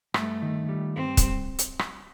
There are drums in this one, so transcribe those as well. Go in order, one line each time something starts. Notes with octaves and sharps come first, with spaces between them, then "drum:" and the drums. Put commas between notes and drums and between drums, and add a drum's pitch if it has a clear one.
G2 A3, drum: rim click
D#3
G3
G2 C4
drum: kick, hi-hat
drum: hi-hat
drum: rim click